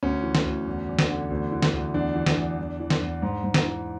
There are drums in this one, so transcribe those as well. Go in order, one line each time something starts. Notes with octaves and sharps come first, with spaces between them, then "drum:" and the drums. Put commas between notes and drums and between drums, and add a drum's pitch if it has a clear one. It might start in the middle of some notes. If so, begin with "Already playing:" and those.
D2 C#4
E3
drum: snare
D2
E2
E2
drum: snare
D3
D2
E3
drum: snare
D2
E2 D4
E3
drum: snare
E2
E2
E3
drum: snare
E2
G#2
G#2
drum: snare
E3